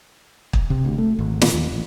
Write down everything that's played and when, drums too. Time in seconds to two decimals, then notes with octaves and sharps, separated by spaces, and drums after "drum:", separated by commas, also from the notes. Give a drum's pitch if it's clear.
0.53 drum: kick
0.70 C3
0.85 D2
0.98 A3
1.19 G#1
1.41 A#2, drum: snare
1.53 D#2
1.72 A1